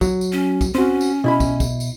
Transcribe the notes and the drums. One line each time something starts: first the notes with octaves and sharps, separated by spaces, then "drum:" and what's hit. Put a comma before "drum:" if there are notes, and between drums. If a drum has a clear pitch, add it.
F#3, drum: kick, tambourine
drum: tambourine
C#4
drum: kick, tambourine
C4 C#4 F#4
drum: tambourine
B2 E4 B5
drum: kick, tambourine
drum: kick, tambourine
drum: tambourine